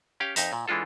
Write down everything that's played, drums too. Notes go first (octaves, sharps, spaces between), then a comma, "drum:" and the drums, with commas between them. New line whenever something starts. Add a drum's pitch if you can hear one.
C#4 G4 F5 G5
F2 D#4 E5 A#5, drum: hi-hat
A#2
E3 G#3 D4 F4 A4